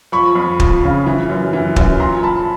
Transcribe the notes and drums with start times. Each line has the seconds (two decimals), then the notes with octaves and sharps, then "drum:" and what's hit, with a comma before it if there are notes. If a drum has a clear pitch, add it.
0.12 F3 B5 C#6
0.35 F2
0.60 F3, drum: kick
0.83 C#3
1.06 E3
1.29 F#2
1.53 E3
1.76 F#2, drum: kick
1.99 A#2 A#5 C6
2.23 F3 A5 B5